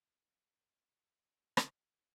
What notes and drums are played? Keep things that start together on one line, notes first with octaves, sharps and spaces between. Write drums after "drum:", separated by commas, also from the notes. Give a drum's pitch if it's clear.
E2 G#2 G3 B3
F5 G#5
drum: rim click